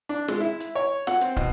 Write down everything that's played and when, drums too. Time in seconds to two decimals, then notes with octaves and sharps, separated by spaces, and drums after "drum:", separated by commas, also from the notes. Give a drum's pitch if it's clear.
0.09 D4
0.28 G#3, drum: snare
0.40 E4
0.60 drum: hi-hat
0.75 C#5
1.07 F#5, drum: snare
1.21 C4, drum: hi-hat
1.37 B2, drum: kick